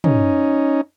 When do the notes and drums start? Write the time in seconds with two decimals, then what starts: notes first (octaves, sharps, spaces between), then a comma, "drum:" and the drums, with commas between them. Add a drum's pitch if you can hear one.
0.04 C#4 D#4, drum: tom